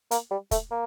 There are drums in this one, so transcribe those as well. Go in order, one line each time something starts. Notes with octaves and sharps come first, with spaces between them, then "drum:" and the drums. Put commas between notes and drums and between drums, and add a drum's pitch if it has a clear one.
A#3, drum: hi-hat
G3
A3, drum: kick, hi-hat
A#3